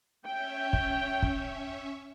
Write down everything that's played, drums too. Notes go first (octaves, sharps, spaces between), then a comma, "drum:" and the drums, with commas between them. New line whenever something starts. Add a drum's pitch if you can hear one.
C#4 C#5 E5 G5
drum: kick
drum: kick